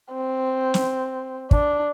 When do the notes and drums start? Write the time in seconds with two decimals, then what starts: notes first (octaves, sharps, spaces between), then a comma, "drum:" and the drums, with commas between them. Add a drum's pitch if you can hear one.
0.12 C4
0.74 drum: snare
1.51 D4, drum: kick